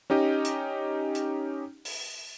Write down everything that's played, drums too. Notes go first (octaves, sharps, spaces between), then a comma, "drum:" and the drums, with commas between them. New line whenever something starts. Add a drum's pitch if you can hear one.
C#4 D#4 G4 D#5
drum: hi-hat
drum: hi-hat
drum: open hi-hat